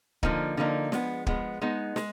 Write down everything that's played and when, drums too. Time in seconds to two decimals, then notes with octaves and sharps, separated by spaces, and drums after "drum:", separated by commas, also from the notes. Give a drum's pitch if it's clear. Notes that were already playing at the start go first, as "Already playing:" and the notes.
0.23 D3 F3 A#3 D#4, drum: kick
0.57 D3 F3 A#3 D#4
0.92 F3 G#3 B3, drum: snare
1.27 F3 G#3 B3, drum: kick
1.62 G#3 B3 D#4
1.96 G#3, drum: snare